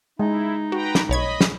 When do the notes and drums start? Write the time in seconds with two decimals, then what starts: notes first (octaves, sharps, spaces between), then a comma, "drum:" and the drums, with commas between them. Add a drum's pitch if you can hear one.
0.19 G#3 D#4 E4
0.72 F#4 B4 G5 A#5
0.95 drum: snare
1.09 B1 C#5 D#5 B5 G#6
1.41 drum: snare